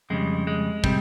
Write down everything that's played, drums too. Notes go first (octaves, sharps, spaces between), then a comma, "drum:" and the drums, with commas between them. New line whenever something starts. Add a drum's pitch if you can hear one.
F2 C#3 G3 G#3
G#3
C3 G3, drum: kick